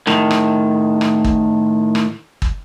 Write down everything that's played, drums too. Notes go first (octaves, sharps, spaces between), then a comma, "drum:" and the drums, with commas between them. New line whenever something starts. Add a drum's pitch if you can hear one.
A2 D#3, drum: rim click
drum: rim click
drum: rim click
drum: kick
drum: rim click
drum: kick